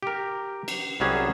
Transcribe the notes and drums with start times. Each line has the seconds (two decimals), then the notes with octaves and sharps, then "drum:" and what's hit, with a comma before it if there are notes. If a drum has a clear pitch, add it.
0.03 G4 A#4
0.68 drum: cymbal
1.00 C2 F#3 G3 C#4 G#4 G#5